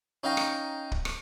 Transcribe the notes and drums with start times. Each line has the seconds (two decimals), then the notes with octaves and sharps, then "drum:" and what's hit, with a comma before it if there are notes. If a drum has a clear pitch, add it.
0.24 C#4 D#4 F5 G5 A#5
0.37 drum: rim click
0.92 drum: kick
1.05 drum: rim click